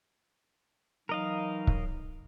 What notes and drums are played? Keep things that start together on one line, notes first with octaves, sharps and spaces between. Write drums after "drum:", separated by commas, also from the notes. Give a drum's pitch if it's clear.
E3 F#3 D#4 A#4 D#5 F5
drum: kick C#1